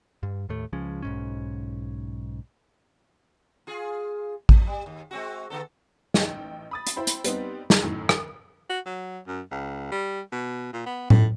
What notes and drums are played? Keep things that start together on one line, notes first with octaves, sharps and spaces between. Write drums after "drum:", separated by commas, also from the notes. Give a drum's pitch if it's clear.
G2
D#2 A2 A3
C#2 F3 G#3 C#4
B1 G#2 C#4
F4 G#4
F3, drum: kick A1
G3
D#2
G#3 C4 F#4
D3 B3 A4
A1 D#4 G5, drum: snare
B5 D#6 A6
drum: hi-hat
E4 C5 G5 B5
drum: hi-hat
G3 B3 C4 D#4, drum: hi-hat
drum: snare
F#2 A2 D#3
drum: rim click
F#4
F#3
F#2
C#2
G3
B2
A#2
B3
A2, drum: tom A2